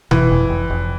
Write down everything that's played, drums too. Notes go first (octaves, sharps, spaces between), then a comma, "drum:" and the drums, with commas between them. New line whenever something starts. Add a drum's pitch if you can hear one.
F1 E3, drum: tom B2
F1
F1
F1